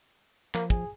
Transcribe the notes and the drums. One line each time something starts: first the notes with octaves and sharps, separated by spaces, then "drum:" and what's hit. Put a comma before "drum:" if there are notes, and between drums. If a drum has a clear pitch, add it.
F3 A#3, drum: clap
G#4, drum: kick